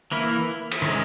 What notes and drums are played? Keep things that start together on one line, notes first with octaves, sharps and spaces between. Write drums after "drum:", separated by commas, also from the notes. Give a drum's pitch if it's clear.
E3 A#3 E4
drum: cymbal
D#3 G#3 C#4